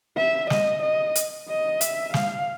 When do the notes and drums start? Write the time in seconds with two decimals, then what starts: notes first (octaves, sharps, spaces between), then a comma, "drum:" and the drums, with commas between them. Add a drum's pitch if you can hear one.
0.17 E5
0.50 D#5, drum: snare
0.83 D#5
1.15 drum: hi-hat
1.49 D#5
1.81 E5, drum: hi-hat
2.14 F5, drum: snare